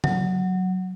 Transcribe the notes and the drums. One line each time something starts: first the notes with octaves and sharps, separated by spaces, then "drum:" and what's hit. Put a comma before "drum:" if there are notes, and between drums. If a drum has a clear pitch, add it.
F#3, drum: tom C#3